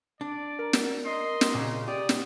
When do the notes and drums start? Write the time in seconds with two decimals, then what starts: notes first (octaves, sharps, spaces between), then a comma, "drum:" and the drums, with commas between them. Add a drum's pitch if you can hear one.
0.21 D4 D5
0.59 A#4
0.73 drum: snare
1.06 D#5 C6
1.41 drum: snare
1.55 A#2 C#3
1.88 G4 D5 D#6
2.09 drum: snare